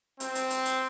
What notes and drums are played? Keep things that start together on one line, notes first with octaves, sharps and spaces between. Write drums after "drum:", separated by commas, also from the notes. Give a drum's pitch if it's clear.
C4, drum: hi-hat
drum: hi-hat
drum: hi-hat
drum: hi-hat